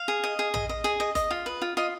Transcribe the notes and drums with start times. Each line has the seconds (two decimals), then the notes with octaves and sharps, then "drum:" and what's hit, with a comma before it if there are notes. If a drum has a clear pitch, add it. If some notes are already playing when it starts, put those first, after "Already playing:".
Already playing: F5
0.08 G#4
0.24 D#5
0.39 G#4
0.54 D#5, drum: tom A#1
0.69 D#5
0.84 G#4
1.00 D#5
1.15 D#5, drum: kick F#1, hi-hat
1.31 F4
1.46 B4
1.62 F4
1.77 F4 D#5